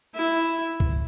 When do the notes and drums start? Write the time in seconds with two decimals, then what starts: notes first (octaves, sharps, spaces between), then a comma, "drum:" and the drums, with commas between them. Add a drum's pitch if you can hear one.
0.14 E4
0.80 drum: kick